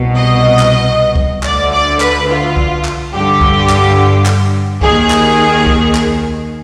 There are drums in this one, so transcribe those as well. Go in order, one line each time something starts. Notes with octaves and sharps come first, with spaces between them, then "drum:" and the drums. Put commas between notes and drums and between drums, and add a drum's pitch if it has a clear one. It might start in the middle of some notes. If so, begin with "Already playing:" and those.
Already playing: C2 B2
D#5
drum: clap
drum: kick C2
D2 D3 D5, drum: clap
D5
B4, drum: clap
F4
drum: kick C2
drum: clap
G2 D3 G4
drum: kick C2
drum: clap
drum: clap
D#2 D#3 G#4, drum: kick C2
drum: clap
drum: kick C2
drum: clap